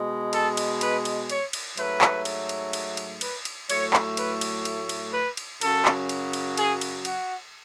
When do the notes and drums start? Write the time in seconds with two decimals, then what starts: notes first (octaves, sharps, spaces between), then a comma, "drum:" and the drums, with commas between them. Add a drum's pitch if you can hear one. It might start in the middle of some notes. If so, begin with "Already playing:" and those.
Already playing: B2 G#3
0.33 A4, drum: cymbal
0.57 drum: cymbal
0.81 B4, drum: cymbal
1.05 drum: cymbal
1.30 C#5, drum: cymbal
1.53 drum: cymbal
1.77 G#2 F#3 A3 B4, drum: cymbal
2.01 drum: clap
2.25 drum: cymbal
2.49 drum: cymbal
2.73 drum: cymbal
2.97 drum: cymbal
3.21 B4, drum: cymbal
3.45 drum: cymbal
3.69 A2 F#3 A3 C#5, drum: cymbal
3.93 drum: clap
4.17 B4, drum: cymbal
4.41 drum: cymbal
4.65 drum: cymbal
4.89 drum: cymbal
5.14 B4
5.37 drum: cymbal
5.61 F#2 C#3 F#3 A4, drum: cymbal
5.85 drum: clap
6.09 drum: cymbal
6.33 drum: cymbal
6.57 G#4, drum: cymbal
6.81 drum: cymbal
7.05 F#4, drum: cymbal